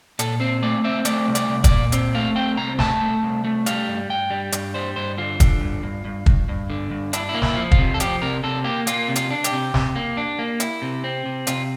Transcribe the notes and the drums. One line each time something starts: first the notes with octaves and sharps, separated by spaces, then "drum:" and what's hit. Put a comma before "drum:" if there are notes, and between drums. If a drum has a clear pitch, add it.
A#2 A4, drum: hi-hat
C4 C5
A3 D5
C4 E5
A3 D5, drum: hi-hat
C2
D5, drum: hi-hat
C2
D5, drum: kick, hi-hat
A#2
C4, drum: hi-hat
A3 F5
C4 G5
C2 A#5
A3 A5, drum: snare
A3
C2
A3
G3 F5, drum: hi-hat
G2
G2 G5
G3
G2, drum: hi-hat
G3 C5
G2 C5
D3 F4
D3, drum: kick, hi-hat
G2
G2
G2
G2, drum: kick
G2
D3
G2
D4 E4, drum: hi-hat
E4
A#3
E4, drum: snare
F3
F4, drum: kick
C3
A4
F3 G4, drum: hi-hat
C3 A#4
C3 A4
A#3 G4
A#3 F4, drum: hi-hat
C3
F4, drum: hi-hat
D4
G4, drum: hi-hat
C3
C3, drum: snare
A#3
D4
A#3
E4, drum: hi-hat
C3
C4
C3
C3 F4, drum: hi-hat